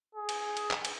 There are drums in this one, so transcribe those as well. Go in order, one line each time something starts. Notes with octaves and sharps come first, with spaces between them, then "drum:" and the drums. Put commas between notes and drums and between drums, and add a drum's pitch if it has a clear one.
G#4
drum: cymbal
drum: cymbal
drum: clap
drum: cymbal